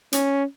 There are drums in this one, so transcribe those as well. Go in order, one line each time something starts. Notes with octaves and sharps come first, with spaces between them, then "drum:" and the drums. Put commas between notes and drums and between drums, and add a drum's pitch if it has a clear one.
C#4, drum: hi-hat